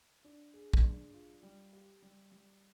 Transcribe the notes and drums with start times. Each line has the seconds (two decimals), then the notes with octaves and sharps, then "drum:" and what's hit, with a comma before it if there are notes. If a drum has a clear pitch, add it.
0.24 D4
0.54 G#4
0.74 drum: kick
0.84 D4
1.14 F4
1.43 G3
1.73 G4
2.02 G3
2.32 G3